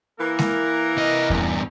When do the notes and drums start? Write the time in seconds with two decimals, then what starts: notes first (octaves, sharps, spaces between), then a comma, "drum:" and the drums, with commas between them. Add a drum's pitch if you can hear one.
0.19 E3 A#3 A#4
0.39 drum: snare G#3
0.97 C3 D#5
1.30 E2 G2, drum: kick E2